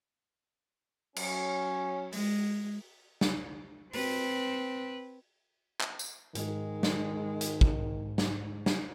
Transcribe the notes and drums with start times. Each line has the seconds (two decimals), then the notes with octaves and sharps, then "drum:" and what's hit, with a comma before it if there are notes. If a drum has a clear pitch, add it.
1.16 F#3 C#4, drum: cymbal
2.12 G#3, drum: open hi-hat
3.21 drum: snare
3.93 C4 B4, drum: open hi-hat
5.81 drum: clap
5.99 drum: tambourine
6.35 G#2 D#3 G#3, drum: hi-hat
6.83 drum: snare
7.41 drum: hi-hat
7.61 drum: kick
8.18 drum: snare
8.66 drum: snare